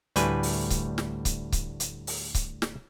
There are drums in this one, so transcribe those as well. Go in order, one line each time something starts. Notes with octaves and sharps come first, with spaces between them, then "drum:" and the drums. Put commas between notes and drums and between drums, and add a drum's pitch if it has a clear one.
D2 A2 G3 B4 G#5, drum: hi-hat
drum: open hi-hat
drum: kick C#1, hi-hat
drum: snare
drum: kick C#1, hi-hat
drum: kick C#1, hi-hat
drum: hi-hat
drum: open hi-hat
drum: kick C#1, hi-hat
drum: snare